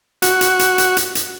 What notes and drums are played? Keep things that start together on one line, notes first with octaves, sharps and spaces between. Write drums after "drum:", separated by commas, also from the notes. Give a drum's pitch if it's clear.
F#4, drum: hi-hat
drum: hi-hat
drum: hi-hat
drum: hi-hat
drum: hi-hat
drum: hi-hat